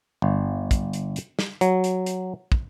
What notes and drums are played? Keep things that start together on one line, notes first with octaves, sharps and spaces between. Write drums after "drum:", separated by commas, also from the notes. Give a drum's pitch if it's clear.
G1
drum: kick, hi-hat
drum: hi-hat
drum: hi-hat
drum: snare
F#3, drum: hi-hat
drum: hi-hat
drum: hi-hat
drum: kick